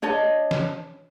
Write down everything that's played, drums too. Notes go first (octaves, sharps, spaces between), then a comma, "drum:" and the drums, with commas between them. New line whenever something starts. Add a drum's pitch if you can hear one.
D4 C#5 D#5 A5
drum: snare